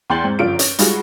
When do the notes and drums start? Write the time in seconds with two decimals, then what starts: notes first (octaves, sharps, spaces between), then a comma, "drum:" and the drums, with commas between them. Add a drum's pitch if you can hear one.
0.10 E2 G5 C6 G6 A6 F#7
0.24 G#2 C4
0.39 G1 F#2 F3 F4 D5 D7
0.59 C#4, drum: hi-hat
0.79 G3 G#3 D#4 F4 F#4 G#4, drum: hi-hat